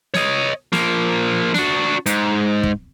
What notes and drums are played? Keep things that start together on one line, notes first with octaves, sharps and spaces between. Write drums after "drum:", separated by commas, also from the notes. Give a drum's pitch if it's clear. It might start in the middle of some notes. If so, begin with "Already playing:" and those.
C#5 D#5, drum: snare
F3 A#3, drum: snare
D4 F#4, drum: snare
G#2, drum: hi-hat
drum: kick